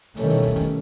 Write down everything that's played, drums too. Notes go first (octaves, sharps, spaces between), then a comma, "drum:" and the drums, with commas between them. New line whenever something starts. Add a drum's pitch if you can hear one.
B2 D#3 E3 G3 A3 C#4, drum: hi-hat
drum: hi-hat
drum: kick, hi-hat
drum: kick, hi-hat